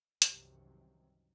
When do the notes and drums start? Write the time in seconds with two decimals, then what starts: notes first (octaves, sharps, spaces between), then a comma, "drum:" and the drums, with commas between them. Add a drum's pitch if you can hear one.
0.22 C2 F#2 C3 D#3 E3, drum: hi-hat